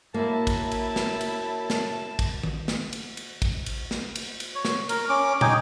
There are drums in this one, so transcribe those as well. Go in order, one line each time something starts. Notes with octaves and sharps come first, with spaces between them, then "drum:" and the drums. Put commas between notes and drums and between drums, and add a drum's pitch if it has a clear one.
F#2 A#3 E4 A5
drum: kick, cymbal
drum: cymbal
drum: snare
drum: cymbal
drum: snare
drum: kick, cymbal
drum: tom D#3
drum: snare
drum: cymbal
drum: cymbal
drum: kick, cymbal
drum: cymbal
drum: snare
drum: cymbal
drum: cymbal
C#5
drum: snare
A#4, drum: cymbal
C#4 D6
D#4 G5 G#5 D6, drum: tom